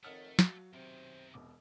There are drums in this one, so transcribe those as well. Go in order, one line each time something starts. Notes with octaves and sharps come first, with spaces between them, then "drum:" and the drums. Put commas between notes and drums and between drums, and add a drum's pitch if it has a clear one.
F2 D#3 A3 C#5 F#5 D#6 F6 C#7
F#3 F#4 F5, drum: snare
B1 C3 D#3 C5
E1 B2 D6